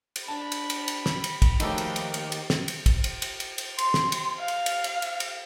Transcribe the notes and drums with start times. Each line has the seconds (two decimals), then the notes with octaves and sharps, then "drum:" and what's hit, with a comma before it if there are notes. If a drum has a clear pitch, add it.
0.16 drum: cymbal
0.28 D4 A5 B5
0.52 drum: cymbal
0.70 drum: cymbal
0.88 drum: cymbal
1.06 drum: snare
1.24 drum: cymbal
1.42 drum: kick, cymbal
1.60 D#3 F3 F#3 A3 D#4 G4, drum: cymbal
1.78 drum: cymbal
1.96 drum: cymbal
2.14 drum: cymbal
2.32 drum: cymbal
2.50 drum: snare
2.68 drum: cymbal
2.86 drum: kick, cymbal
3.04 drum: cymbal
3.22 drum: cymbal
3.40 drum: cymbal
3.58 drum: cymbal
3.78 C6, drum: cymbal
3.94 drum: snare
4.12 drum: cymbal
4.38 F5
4.48 drum: cymbal
4.66 drum: cymbal
4.84 drum: cymbal
5.02 drum: cymbal
5.20 drum: cymbal